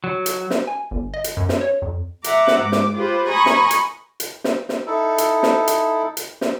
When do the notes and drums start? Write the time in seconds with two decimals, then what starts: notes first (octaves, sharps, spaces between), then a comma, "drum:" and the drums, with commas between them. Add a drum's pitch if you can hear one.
0.04 F#3
0.26 drum: hi-hat
0.50 drum: snare
0.67 G#5
0.91 G1
1.14 D#5
1.24 drum: hi-hat
1.37 F#2
1.49 drum: snare
1.61 C#5
1.82 F2
2.24 E5 F#5 A#5 D6, drum: hi-hat
2.47 drum: snare
2.60 G#2 D6
2.72 drum: snare
2.97 F4 G4 B4 C5
3.28 G#5 A#5 B5 C#6 D#6
3.46 drum: snare
3.71 drum: hi-hat
4.20 drum: hi-hat
4.44 drum: snare
4.69 drum: snare
4.87 D#4 E4 A4
5.18 drum: hi-hat
5.43 drum: snare
5.67 drum: hi-hat
6.17 drum: hi-hat
6.41 drum: snare